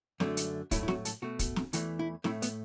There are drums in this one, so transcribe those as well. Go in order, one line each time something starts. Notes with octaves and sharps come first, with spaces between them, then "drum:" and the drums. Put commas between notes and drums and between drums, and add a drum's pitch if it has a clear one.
F#2 D3 A3, drum: snare
drum: hi-hat
A2 F#3 A3 E4, drum: kick, hi-hat
E4
F#4, drum: snare
A4, drum: hi-hat
B2 A3 F#4
drum: kick, hi-hat
drum: snare
E2 E3 A3 F#4, drum: hi-hat
E4
A2 A3 E4, drum: snare
B3, drum: hi-hat